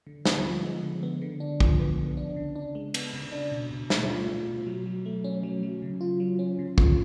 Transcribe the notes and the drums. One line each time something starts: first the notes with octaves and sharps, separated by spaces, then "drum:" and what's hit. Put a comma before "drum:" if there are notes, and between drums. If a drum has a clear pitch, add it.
D3
B3, drum: snare
F3
G#3
D3
B3
D3
D4
F3, drum: kick
B3
D3
D4
C#3
D4
G#3
B3, drum: cymbal
C#3
D4
B2
B2
A3, drum: snare
F4
B2
B2
F#3
F#3
A3
C#4
F#3
F#3
C#3
F4
F#3
C#4
C#3
F4, drum: kick